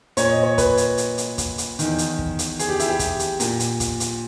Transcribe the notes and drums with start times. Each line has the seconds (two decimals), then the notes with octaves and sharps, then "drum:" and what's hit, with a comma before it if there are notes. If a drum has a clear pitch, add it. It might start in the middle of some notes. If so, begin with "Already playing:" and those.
0.17 A#2 C#5, drum: hi-hat
0.30 D#5
0.43 C#5
0.58 B4, drum: kick, hi-hat
0.77 drum: hi-hat
0.98 drum: hi-hat
1.18 drum: hi-hat
1.38 drum: kick, hi-hat
1.58 drum: hi-hat
1.79 E2 D#3, drum: hi-hat
1.98 drum: hi-hat
2.19 drum: kick
2.39 drum: hi-hat
2.59 G#4, drum: hi-hat
2.69 G4
2.79 E4, drum: hi-hat
2.89 G4
2.99 drum: kick, hi-hat
3.19 drum: hi-hat
3.40 A#2, drum: hi-hat
3.60 drum: hi-hat
3.80 drum: kick, hi-hat
4.00 drum: hi-hat